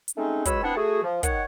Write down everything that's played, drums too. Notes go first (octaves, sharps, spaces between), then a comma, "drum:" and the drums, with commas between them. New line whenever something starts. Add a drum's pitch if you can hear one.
drum: hi-hat
G#3 A3 C4 C#4 D#4
C#2 F#3 G#3 C#5 B5 E6, drum: kick, hi-hat
B3 C4 D4 E4 F#5 A5
A3 F#4 G#4
F3
D#3 C#5 F#5, drum: kick, hi-hat